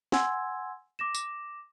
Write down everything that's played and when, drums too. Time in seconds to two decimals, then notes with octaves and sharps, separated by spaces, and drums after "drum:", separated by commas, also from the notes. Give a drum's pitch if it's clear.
0.12 F#5 G#5 C6 E6 G#6, drum: snare
0.99 D6 A#6 E7
1.15 drum: tambourine